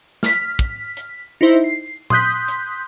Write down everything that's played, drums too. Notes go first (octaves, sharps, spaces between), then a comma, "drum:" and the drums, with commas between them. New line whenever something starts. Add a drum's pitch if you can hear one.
F6 B6, drum: snare
drum: kick, hi-hat
drum: hi-hat
D#4 E4 C5 E5
C7
C6 D#6 F#6 G6 B6, drum: tom A#2
drum: hi-hat